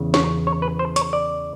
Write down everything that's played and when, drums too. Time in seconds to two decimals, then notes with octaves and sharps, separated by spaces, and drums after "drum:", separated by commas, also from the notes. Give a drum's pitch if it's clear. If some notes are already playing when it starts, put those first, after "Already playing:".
Already playing: E2 C#3 E3
0.14 C#5, drum: snare
0.47 C#5
0.62 B4
0.79 C5
0.96 C#5, drum: hi-hat
1.13 D5